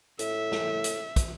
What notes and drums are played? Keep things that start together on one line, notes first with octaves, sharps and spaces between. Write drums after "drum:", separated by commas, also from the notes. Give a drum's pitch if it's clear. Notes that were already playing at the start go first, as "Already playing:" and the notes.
A2 E5, drum: hi-hat
drum: snare
drum: hi-hat
drum: kick, hi-hat